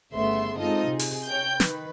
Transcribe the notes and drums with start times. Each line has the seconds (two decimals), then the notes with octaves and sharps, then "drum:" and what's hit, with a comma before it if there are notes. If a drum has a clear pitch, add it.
0.13 G1 C#3 A3 B3 E5 C6
0.58 G#3 C4 D#4 F4 A4 D#5
0.88 C3 G#4
0.99 drum: open hi-hat
1.26 C#5 G5 G6
1.60 D#3 B4, drum: snare